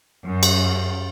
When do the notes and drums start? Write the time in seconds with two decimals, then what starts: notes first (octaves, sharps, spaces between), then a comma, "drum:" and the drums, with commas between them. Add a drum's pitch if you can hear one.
0.25 F#2
0.43 drum: cymbal